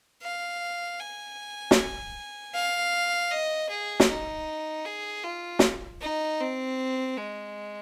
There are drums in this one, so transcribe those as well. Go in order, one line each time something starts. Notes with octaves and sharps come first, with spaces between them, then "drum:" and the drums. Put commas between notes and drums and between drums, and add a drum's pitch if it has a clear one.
F5
G#5
drum: snare
F5
D#5
G#4
drum: snare
D#4
G#4
F4
drum: snare
D#4
C4
G#3